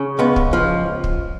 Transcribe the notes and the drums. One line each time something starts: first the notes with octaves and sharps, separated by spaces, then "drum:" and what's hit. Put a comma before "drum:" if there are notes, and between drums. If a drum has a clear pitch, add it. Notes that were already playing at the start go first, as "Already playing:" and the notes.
Already playing: C#3
C#2 B3
drum: kick
F3
drum: kick